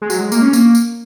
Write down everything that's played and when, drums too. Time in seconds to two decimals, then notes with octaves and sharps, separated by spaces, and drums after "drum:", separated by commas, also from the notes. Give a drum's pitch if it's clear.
0.02 G#3
0.10 F#3, drum: tambourine
0.21 G#3
0.32 A#3, drum: tambourine
0.42 C#4
0.53 A#3, drum: tambourine
0.75 drum: tambourine